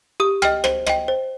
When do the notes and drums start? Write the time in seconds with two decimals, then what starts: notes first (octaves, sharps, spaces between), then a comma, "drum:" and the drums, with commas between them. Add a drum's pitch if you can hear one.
0.20 G4 D#6
0.42 D#5 G5 F6, drum: rim click
0.64 C5, drum: rim click
0.87 D#5 G5, drum: rim click
1.08 C5